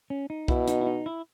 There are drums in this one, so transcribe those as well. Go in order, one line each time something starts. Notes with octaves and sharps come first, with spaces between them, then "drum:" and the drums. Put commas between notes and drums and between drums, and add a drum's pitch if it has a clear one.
C#4
D#4
B2 E4, drum: kick C2
D#4, drum: hi-hat
E4
D#4
E4